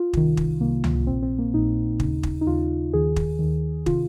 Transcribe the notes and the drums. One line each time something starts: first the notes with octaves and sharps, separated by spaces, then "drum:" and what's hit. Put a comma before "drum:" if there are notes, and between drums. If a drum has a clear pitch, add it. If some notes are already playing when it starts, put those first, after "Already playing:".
Already playing: F4
C2 C3 D#3, drum: kick
drum: kick
C2 C3 D#3 A#3
drum: tom C#2
A#1 A#2 C4
C4
A#3
A#1 A#2 D#4
C#3, drum: kick
D#2
drum: kick
D#4
D#2 C#3 F4
D#2 D#3 G#4
drum: kick
D#2 D#3
C3 D#3 F4, drum: kick